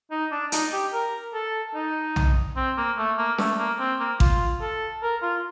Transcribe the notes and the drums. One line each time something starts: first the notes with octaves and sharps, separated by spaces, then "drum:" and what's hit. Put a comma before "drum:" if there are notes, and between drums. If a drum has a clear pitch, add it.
D#4
D4
D#4, drum: hi-hat
G4
A#4
A4
D#4
drum: tom B1
C4
A#3
A3
A#3
A3, drum: snare
A#3
C4
A#3
F4, drum: kick A1
A4
A#4
F4